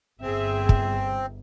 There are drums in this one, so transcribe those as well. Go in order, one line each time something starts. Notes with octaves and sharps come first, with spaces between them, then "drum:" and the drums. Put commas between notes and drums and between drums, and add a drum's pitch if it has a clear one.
G1 C4 G#4 E5
drum: kick